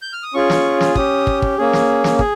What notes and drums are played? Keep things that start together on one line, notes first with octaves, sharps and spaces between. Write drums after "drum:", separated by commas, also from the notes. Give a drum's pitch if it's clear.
G6
F6
D#6
C#4 F4 G#4 C#6
drum: snare
drum: snare
C#4 G4 D#6, drum: kick
drum: kick
drum: kick
A#3 C#4 G#4
drum: snare
drum: snare
G#4, drum: kick